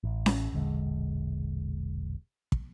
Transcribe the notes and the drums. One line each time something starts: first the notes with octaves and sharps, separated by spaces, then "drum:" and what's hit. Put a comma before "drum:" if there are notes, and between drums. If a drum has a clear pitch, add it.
A1
drum: snare C#4
E1 A#1 D3 G#3
drum: kick